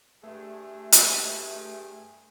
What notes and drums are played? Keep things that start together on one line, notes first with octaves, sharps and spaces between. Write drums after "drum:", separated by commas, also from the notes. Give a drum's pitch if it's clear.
G2 A3 G#4
drum: hi-hat